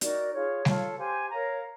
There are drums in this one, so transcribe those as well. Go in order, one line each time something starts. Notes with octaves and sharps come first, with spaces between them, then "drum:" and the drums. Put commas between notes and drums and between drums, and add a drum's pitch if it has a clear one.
D#4 F#4 A#4 D5, drum: hi-hat
F4 G#4 C#5
F4 A4 C#5 F5, drum: snare
G4 C5 F5 G#5
A#4 C#5 F5 A#5